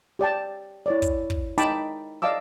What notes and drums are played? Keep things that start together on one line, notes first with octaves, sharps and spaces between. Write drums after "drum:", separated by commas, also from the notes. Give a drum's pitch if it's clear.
G4 D5 G5 A5
E4 C#5 D5
drum: kick, hi-hat
drum: kick
D#4 G5 A5 B5 D6, drum: hi-hat
D5 D#5 F5 A5 D6 E6